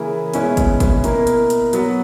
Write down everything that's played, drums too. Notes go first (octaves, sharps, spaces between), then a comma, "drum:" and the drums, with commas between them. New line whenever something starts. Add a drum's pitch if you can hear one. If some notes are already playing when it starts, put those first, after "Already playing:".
Already playing: C#3 E3 A#3 E4 G#4
B2 G#3 C#4 E4 B4, drum: hi-hat
drum: kick, hi-hat
drum: kick, hi-hat
B2 A#3 E4 A#4, drum: hi-hat
drum: hi-hat
drum: hi-hat
F#3 B3 F#4, drum: hi-hat